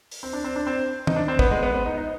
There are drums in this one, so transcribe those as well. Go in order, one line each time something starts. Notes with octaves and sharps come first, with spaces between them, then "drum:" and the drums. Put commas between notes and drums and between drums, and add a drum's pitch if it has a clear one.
drum: open hi-hat
C4
D4
C4
D4
C4
D#4, drum: tom
D4
C4
B3, drum: kick
G#3
B3
B3
D#4
D#4